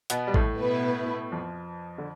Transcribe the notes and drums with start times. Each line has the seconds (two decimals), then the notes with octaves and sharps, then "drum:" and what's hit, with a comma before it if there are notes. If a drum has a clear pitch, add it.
0.10 B2 B3, drum: hi-hat
0.27 G3
0.34 A2 A3, drum: kick A1
0.59 B2 B3 E4 B4
1.32 F2 F3
1.98 D3